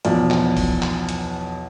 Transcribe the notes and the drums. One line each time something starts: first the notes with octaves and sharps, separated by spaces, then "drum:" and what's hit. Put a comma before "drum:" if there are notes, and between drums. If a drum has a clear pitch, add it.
B1 E2 F3 D5, drum: hi-hat
drum: clap
drum: kick C2, open hi-hat
drum: clap
drum: hi-hat